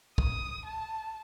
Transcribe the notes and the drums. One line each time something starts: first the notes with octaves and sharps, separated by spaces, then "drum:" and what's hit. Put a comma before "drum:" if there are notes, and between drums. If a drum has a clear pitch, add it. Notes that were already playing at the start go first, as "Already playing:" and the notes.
D#6, drum: kick
A5